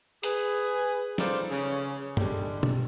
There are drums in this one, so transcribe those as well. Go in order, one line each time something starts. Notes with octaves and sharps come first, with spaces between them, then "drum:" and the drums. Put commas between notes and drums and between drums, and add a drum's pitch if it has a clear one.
G#4 B4, drum: hi-hat
D#4 F4 A4 B4 C5 D5, drum: snare
C#3 C#4
D3 G3 G#3, drum: tom G2
drum: tom B2